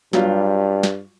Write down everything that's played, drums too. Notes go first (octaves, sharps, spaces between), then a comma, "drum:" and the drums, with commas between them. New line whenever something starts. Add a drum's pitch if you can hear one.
G2 F#3 G3 F4, drum: snare
drum: snare